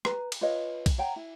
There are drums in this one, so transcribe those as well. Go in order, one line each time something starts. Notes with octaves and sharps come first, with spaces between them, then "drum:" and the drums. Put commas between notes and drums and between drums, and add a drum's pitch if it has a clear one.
B4 A#5, drum: rim click
drum: cymbal
F4 B4 C#5 D#5
drum: kick B1, cymbal
C#5 F#5 G5 A#5
E4